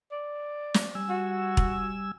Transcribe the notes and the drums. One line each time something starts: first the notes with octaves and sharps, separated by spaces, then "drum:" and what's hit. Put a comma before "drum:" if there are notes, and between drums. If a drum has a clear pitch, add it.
D5
drum: snare
G3 G#5 E6
F#4
drum: kick E1